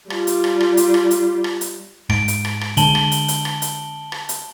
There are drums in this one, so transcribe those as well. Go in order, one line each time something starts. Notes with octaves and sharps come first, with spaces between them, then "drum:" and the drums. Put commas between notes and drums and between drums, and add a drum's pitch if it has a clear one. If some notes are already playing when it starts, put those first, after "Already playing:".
G3 F4, drum: rim click
drum: hi-hat
drum: rim click
drum: rim click
drum: hi-hat
drum: rim click
drum: hi-hat
drum: rim click
drum: hi-hat
G#2 D7, drum: rim click
drum: hi-hat
drum: rim click
drum: rim click
D3 G#3 A5 F#7 G7, drum: hi-hat
drum: rim click
drum: hi-hat
drum: hi-hat
drum: rim click
drum: hi-hat
drum: rim click
drum: hi-hat